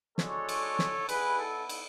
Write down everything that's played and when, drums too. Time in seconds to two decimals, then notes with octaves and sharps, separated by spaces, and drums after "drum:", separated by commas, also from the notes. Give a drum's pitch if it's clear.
0.18 G#3 D4 F#4 A4 C#5, drum: snare
0.49 drum: cymbal
0.79 drum: snare
1.09 B3 E4 G#4 B4, drum: cymbal
1.39 A4
1.69 drum: cymbal